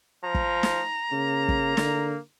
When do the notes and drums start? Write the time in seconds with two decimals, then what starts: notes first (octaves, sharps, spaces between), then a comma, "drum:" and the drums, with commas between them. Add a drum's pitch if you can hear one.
0.24 F3 A#5
0.34 drum: kick
0.63 drum: snare
1.11 C#3 A#3
1.49 drum: kick
1.77 D3, drum: snare